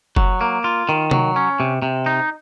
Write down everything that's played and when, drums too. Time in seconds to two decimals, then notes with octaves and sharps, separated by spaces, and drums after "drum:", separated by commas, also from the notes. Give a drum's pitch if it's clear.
0.16 F#3, drum: kick F#1
0.41 A#3
0.64 F4
0.89 D#3
1.11 F#3, drum: tom C3
1.36 C#4
1.60 C3
1.82 C3
2.06 D#4